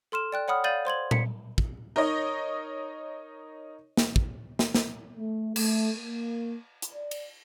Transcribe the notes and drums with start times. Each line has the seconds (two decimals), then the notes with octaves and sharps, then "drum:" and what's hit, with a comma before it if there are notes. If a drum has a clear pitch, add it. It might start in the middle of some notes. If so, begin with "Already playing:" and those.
0.12 A4 C6 F6 E7
0.32 D5 G5 F#6
0.48 C#5 F#5 B5 D#6 F6
0.64 D5 F5 G6 A6 D#7 F#7
0.85 C5 C6 G#6 F#7
1.11 B6 C#7, drum: tom A#2
1.58 drum: kick
1.96 D#4 A#4 C#5 D#5
3.97 drum: snare
4.16 drum: kick
4.59 drum: snare
4.74 drum: snare
5.17 A3
5.56 A3, drum: cymbal
5.95 A#3
6.82 drum: hi-hat
6.94 D5
7.11 drum: cymbal